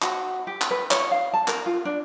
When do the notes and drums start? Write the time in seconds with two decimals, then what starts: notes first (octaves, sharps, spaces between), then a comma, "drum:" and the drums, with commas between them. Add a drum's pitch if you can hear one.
0.02 F#4, drum: clap
0.47 G4
0.62 drum: clap
0.71 B4
0.91 C#5, drum: clap
1.11 F5
1.34 A5
1.48 A#4, drum: clap
1.66 F4
1.85 D4